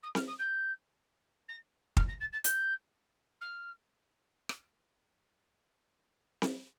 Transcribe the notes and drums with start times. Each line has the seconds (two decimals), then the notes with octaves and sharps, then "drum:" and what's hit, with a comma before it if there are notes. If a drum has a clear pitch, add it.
0.03 D#6
0.15 F6, drum: snare C4
0.27 D#6
0.39 G6
1.48 A#6
1.97 F6, drum: kick
2.08 A#6
2.20 A6
2.32 A6
2.44 G6, drum: hi-hat
3.41 F6
4.49 drum: rim click
6.42 drum: snare C4